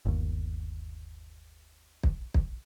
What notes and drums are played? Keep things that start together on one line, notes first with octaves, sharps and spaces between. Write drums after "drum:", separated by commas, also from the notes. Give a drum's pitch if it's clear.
G1 D#2
drum: kick
drum: kick